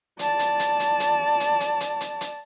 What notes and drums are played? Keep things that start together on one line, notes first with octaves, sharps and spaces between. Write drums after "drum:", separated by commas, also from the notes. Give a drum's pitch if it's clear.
D5 A5, drum: hi-hat
drum: hi-hat
drum: hi-hat
drum: hi-hat
drum: hi-hat
drum: hi-hat
drum: hi-hat
drum: hi-hat
drum: hi-hat
drum: hi-hat